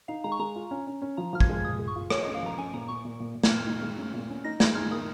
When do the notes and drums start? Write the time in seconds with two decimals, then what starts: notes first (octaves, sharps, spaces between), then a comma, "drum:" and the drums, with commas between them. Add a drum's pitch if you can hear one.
0.08 D#4 F5
0.24 G#3 A#5
0.32 C#6
0.39 G#3 A#5
0.56 F4
0.71 C#4
0.87 C#4
1.02 C#4
1.17 F3 A#5
1.33 F3 F6
1.40 G#6, drum: kick
1.49 G#3
1.64 F4 D#6
1.79 G#4
1.88 C#6
1.96 F4
2.10 G#4 C#5, drum: rim click
2.23 C#4 D#5
2.34 F5
2.43 F3 A#5
2.58 C#4 G#5
2.73 A#2 A#5
2.88 A#2 C#6
3.05 A#2
3.20 A#2
3.35 A#2
3.44 G#6, drum: snare
3.51 A#2 F6
3.66 D#4
3.82 G#3
3.98 C#4
4.14 A#2
4.29 C#4
4.44 D#4 A#6
4.60 G#3 G#6, drum: snare
4.75 D#4 F6
4.91 A#3 D#6